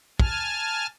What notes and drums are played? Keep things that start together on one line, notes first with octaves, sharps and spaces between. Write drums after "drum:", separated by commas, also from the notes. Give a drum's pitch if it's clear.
G#5 A5 F6, drum: kick